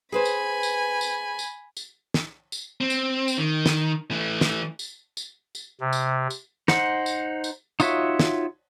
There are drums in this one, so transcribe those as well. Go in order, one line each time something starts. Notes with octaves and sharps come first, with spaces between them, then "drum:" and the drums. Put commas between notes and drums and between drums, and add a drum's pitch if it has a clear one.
G#4 B4 C5 G#5 B5
drum: tambourine
drum: tambourine
drum: tambourine
drum: tambourine
drum: tambourine
drum: snare
drum: tambourine
C4
drum: tambourine
drum: tambourine
D#3
drum: snare
E3 A3
drum: snare
drum: tambourine
drum: tambourine
drum: tambourine
C3
drum: tambourine
drum: tambourine
D#4 C5 F#5, drum: snare
drum: tambourine
drum: tambourine
D#4 F4 F#4 C#5 E5, drum: tambourine
drum: snare